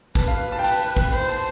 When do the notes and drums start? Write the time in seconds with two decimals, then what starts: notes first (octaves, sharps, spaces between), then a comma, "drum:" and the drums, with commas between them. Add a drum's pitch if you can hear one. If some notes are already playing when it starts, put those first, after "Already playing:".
0.15 B4 A5, drum: kick, hi-hat
0.28 F5
0.52 A5
0.59 G5
0.64 A5, drum: hi-hat
0.97 drum: kick, hi-hat
1.12 C5 B5, drum: hi-hat
1.29 A5, drum: hi-hat